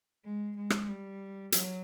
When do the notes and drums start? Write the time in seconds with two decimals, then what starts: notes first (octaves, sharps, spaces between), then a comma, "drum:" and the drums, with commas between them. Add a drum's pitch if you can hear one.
0.24 G#3
0.56 G#3
0.70 drum: rim click
0.88 G3
1.52 F#3, drum: hi-hat